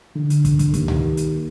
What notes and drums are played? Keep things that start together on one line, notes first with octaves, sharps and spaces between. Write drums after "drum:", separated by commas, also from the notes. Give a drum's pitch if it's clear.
D3
drum: hi-hat
drum: kick, hi-hat
drum: kick, hi-hat
D#2, drum: kick, hi-hat
drum: tom C#2
drum: hi-hat